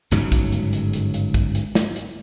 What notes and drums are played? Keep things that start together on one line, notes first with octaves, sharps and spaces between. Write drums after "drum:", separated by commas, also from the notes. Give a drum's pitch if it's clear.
G1 G#2 C#3 F#3, drum: hi-hat
drum: kick, hi-hat
drum: hi-hat
drum: hi-hat
drum: hi-hat
drum: hi-hat
drum: kick, hi-hat
drum: hi-hat
drum: snare
drum: hi-hat